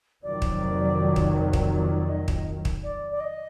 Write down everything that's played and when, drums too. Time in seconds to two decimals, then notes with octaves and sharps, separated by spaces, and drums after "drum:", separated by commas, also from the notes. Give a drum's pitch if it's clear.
0.23 F1 F2 D#3 F#3 D5
0.42 drum: kick
1.16 drum: kick
1.53 drum: kick
1.72 D5
2.09 D#5
2.28 drum: kick
2.65 drum: kick
2.83 D5
3.11 D5
3.20 D#5